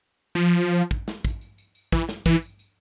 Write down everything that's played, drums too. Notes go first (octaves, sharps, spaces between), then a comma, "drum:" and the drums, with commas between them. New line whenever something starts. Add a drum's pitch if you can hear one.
F3
drum: tambourine
drum: tambourine
drum: kick
drum: snare
drum: kick, tambourine
drum: tambourine
drum: tambourine
drum: tambourine
E3, drum: kick, tambourine
drum: snare
E3, drum: kick, tambourine
drum: tambourine
drum: tambourine